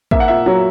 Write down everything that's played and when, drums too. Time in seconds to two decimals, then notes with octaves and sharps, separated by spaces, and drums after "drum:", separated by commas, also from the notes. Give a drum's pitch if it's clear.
0.11 A#3 E5, drum: kick
0.20 F#5
0.28 A#2 E5
0.46 F#3